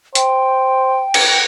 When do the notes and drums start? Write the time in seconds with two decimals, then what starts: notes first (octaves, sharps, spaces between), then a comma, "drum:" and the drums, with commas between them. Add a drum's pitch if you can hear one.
0.15 C5 G5, drum: hi-hat
1.14 drum: cymbal